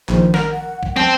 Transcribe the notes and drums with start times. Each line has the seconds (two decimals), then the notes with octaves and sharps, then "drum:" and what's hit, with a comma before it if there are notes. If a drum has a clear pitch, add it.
0.09 A#1 D#3 C5, drum: clap
0.34 A#4 F#5, drum: snare
0.53 F#5
0.83 drum: kick
0.96 C4 A5, drum: snare